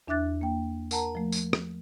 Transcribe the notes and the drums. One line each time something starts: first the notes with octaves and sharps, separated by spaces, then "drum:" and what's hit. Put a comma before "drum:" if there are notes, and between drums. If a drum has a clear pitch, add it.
E2 D4 E5 D6 F#6 A6
A#3 G5
A#4 F#5 A5 A#5, drum: tambourine
F3 A3
drum: tambourine
drum: rim click